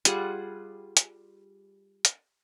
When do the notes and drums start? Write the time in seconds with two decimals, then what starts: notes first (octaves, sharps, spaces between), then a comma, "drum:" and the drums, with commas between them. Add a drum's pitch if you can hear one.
0.05 G3 F4 G#4 F#5, drum: hi-hat
0.97 drum: hi-hat
2.05 drum: hi-hat